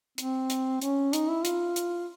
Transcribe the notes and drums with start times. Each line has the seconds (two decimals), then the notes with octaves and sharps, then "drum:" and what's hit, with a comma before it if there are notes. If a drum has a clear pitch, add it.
0.18 C4, drum: hi-hat
0.50 drum: hi-hat
0.82 C#4, drum: hi-hat
1.13 D#4, drum: hi-hat
1.29 E4
1.45 F4, drum: hi-hat
1.76 drum: hi-hat